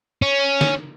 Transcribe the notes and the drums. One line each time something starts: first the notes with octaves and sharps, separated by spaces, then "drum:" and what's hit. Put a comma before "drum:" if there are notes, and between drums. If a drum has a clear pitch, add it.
C#4
drum: snare